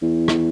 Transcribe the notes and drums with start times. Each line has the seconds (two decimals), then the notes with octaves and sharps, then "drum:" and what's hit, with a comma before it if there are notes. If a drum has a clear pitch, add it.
0.02 E2
0.28 drum: rim click